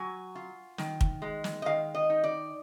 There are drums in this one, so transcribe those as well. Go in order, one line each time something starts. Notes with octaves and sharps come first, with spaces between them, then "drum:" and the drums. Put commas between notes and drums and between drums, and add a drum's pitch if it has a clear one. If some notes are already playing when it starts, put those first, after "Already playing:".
Already playing: F#3 G#5
F4
D#3, drum: snare
drum: kick
G#3
drum: snare
D#5
D#3 F5
D#5
D#4
D5